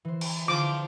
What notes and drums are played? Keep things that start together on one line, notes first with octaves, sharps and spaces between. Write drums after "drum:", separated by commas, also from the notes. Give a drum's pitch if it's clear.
E3 C5
drum: cymbal
D3 F3 E4 G#4 D6